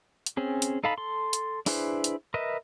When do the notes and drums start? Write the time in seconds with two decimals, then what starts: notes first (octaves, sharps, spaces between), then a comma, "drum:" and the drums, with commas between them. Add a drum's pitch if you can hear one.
0.26 drum: hi-hat
0.37 C4 C#4 G#4
0.62 drum: hi-hat
0.84 D#4 A4 F5 A5 B5
0.98 A4 C6
1.33 drum: hi-hat
1.66 D4 E4 G#4 B4 C5, drum: open hi-hat
2.04 drum: hi-hat
2.34 A#4 B4 D#5 E5